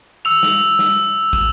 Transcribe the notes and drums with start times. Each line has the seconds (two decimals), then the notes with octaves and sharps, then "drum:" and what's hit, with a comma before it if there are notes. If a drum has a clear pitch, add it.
0.25 E6 F7
0.43 drum: snare
0.79 drum: snare
1.33 drum: kick